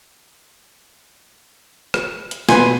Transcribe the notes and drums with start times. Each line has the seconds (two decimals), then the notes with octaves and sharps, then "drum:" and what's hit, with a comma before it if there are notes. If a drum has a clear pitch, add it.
1.94 drum: rim click
2.31 drum: hi-hat
2.49 B2 B4 G#5 C6, drum: snare